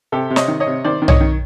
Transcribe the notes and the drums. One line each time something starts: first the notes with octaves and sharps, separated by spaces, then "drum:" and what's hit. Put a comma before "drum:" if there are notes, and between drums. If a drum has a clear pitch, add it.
C3 G4 A4
C3
C#5 D#5, drum: snare
D#3
C#5 D#5
C3
D#3 C5 D5
D#3
C#5 D#5, drum: tom B1
D#3